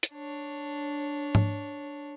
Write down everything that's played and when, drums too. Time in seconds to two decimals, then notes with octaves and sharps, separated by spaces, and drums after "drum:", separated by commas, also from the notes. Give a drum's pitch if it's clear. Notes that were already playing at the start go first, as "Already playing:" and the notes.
0.03 drum: hi-hat
0.13 D4 C#5
1.35 drum: tom G#2